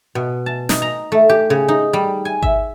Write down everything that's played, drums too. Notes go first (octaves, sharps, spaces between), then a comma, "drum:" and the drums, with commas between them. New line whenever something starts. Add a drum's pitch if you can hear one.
B2
A5
D#4, drum: snare
A#5
A3
G4
C#3
D#4
G3
G#5
E5, drum: kick G#1